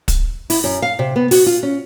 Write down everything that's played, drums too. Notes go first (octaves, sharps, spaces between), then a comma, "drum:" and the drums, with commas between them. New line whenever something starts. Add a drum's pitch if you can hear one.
drum: kick, hi-hat
E4, drum: open hi-hat
F#2
F5
C3
B3
F#4, drum: open hi-hat
F4
C#4